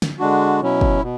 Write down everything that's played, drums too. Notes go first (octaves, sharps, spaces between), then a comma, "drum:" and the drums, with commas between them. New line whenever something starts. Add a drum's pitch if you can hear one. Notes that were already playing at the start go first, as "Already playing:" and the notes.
drum: snare
D3 G#3 D4 F#4
B2 F#3 C#4 E4
drum: kick
B2